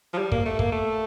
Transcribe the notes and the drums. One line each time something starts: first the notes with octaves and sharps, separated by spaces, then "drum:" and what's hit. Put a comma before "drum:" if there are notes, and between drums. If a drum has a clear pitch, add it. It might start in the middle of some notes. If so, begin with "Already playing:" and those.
F3
G3
A#3, drum: kick
A3
A#3, drum: kick
A3